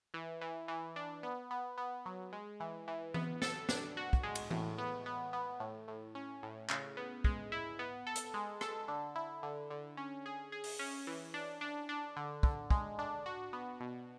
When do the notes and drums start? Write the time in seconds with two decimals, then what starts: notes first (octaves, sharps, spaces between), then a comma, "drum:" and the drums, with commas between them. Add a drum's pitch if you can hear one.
0.14 E3
0.41 E3
0.68 E3
0.96 D4
1.23 B3
1.51 B3
1.78 B3
2.06 F#3
2.33 G#3
2.60 E3
2.88 E3
3.14 B3, drum: tom E3
3.42 A4, drum: snare
3.69 D4, drum: snare
3.97 F#4
4.13 drum: kick
4.23 G#3
4.35 drum: cymbal
4.50 A2, drum: tom E3
4.78 B3
5.06 B3
5.33 B3
5.60 A2
5.88 A2
6.15 C#4
6.43 A2
6.69 C#3, drum: clap
6.97 B3
7.24 G#3, drum: kick
7.52 E4
7.79 B3
8.07 A4
8.16 drum: hi-hat
8.34 G#3
8.61 A4, drum: rim click
8.88 D3
9.16 E4
9.43 D3
9.70 D3
9.97 C#4
10.26 G#4
10.52 G#4
10.64 drum: open hi-hat
10.79 C#4
11.07 E3
11.34 D4
11.61 D4
11.89 D4
12.17 D3
12.43 D3, drum: kick
12.70 G#3, drum: kick
12.99 D4
13.26 F#4
13.53 B3
13.80 B2